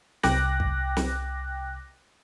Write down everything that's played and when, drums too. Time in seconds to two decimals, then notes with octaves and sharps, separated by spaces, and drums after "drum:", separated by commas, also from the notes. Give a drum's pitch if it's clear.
0.23 C2 G5 D6 F#6 A#6, drum: snare
0.60 drum: kick
0.97 drum: snare